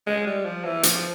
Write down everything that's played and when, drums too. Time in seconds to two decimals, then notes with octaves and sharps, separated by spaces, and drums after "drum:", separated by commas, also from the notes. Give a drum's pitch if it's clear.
0.07 G#3
0.26 G3
0.45 F3
0.64 E3
0.83 F3, drum: hi-hat